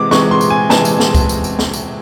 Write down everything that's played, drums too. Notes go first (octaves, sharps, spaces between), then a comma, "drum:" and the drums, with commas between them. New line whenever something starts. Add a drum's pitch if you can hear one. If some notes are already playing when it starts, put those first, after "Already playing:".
Already playing: C3 E3 G#3 D6
C3 E3 G#3 C#6, drum: snare
C6
drum: tambourine
G#5
C3 E3 G#3 A5, drum: snare
drum: tambourine
drum: snare
drum: kick C#2, tambourine
drum: tambourine
drum: tambourine
drum: snare
drum: tambourine